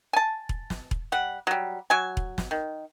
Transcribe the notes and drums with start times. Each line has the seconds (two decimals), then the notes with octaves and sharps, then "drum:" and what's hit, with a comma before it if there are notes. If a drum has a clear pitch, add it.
0.13 G#5 A5
0.49 drum: kick E1
0.70 drum: snare
0.91 drum: kick E1
1.12 G3 F#5
1.47 F#3 G3
1.90 F#3 G#5
2.17 drum: kick E1
2.38 drum: snare
2.51 D#3